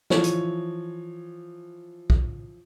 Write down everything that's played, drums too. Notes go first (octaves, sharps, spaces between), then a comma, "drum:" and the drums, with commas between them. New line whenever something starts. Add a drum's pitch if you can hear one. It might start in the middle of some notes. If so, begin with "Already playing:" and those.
E3 F3 C#5, drum: snare
drum: hi-hat
drum: kick